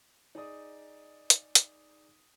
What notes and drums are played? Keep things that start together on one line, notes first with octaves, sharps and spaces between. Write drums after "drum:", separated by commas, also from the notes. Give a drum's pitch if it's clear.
D#4 G#4 D5 D#6
drum: hi-hat
drum: hi-hat